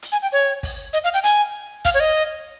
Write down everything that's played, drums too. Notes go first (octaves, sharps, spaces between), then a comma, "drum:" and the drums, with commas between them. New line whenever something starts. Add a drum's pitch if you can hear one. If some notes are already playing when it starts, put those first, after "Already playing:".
drum: hi-hat
G#5
G5
C#5
drum: kick, open hi-hat
D#5
F5
G5
G#5, drum: hi-hat
F5, drum: kick, open hi-hat
C#5
D#5